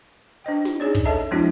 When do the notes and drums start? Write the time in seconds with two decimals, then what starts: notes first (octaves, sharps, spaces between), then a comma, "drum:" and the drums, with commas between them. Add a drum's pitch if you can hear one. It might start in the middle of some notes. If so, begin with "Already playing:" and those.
0.44 D4 C5 D#5 G5
0.65 drum: snare
0.80 C#4 D#4 G#4 C#5 D5
0.95 drum: kick
1.05 A4 C#5 D#5 E5 A5 A#5
1.31 F3 G#3 C4 D4 E4 F#4